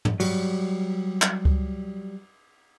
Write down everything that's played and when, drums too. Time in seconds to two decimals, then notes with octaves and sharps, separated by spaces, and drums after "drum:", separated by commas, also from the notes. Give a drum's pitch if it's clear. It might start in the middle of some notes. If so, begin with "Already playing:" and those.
0.05 drum: tom
0.20 F#3 G3, drum: cymbal
1.22 drum: clap
1.45 drum: kick C#2